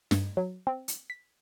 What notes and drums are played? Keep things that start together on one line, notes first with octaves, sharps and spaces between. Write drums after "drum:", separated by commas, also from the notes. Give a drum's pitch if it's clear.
G2, drum: snare
F#3
C4
drum: hi-hat
B6